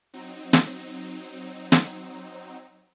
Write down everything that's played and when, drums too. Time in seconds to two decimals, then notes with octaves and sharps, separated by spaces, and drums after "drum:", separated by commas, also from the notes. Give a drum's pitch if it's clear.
0.14 F#3 C4 D#4
0.53 drum: snare
1.72 drum: snare